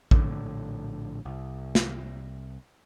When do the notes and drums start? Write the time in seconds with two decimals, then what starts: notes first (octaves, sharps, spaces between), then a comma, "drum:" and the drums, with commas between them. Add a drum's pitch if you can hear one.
0.11 A#1 A2 D3, drum: kick
1.25 C2
1.75 drum: snare